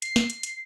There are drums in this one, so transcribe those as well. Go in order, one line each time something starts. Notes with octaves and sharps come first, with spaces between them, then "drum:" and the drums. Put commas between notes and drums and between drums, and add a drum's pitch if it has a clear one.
C7, drum: hi-hat
drum: snare
drum: hi-hat
drum: hi-hat